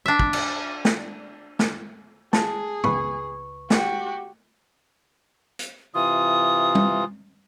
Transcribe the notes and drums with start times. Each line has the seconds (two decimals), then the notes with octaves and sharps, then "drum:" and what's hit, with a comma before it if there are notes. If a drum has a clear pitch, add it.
0.06 D4 E5
0.19 drum: kick
0.33 drum: cymbal
0.85 drum: snare
1.59 drum: snare
2.33 G#4 A5, drum: snare
2.84 C#2 B4 C#6, drum: tom
3.70 F#4 G4, drum: snare
5.59 drum: hi-hat
5.95 C3 E3 F4 D#6
6.75 drum: tom